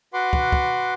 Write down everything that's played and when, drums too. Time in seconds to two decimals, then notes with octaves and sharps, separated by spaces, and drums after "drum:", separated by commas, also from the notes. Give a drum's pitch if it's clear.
0.13 F#4 B4 F#5 C6 D6
0.33 drum: kick
0.52 drum: kick